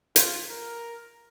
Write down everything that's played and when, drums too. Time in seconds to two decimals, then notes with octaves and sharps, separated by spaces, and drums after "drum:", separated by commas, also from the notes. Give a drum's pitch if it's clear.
0.16 F4, drum: hi-hat
0.49 A#4